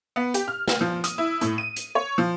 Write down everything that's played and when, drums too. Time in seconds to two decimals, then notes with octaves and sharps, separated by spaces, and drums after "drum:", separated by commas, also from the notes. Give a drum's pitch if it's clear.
0.16 B3
0.34 G4, drum: hi-hat
0.48 F6
0.68 drum: snare
0.81 F3
1.04 D#6, drum: hi-hat
1.18 E4
1.41 A2, drum: hi-hat
1.58 D#7
1.76 drum: hi-hat
1.95 C#5
2.18 F3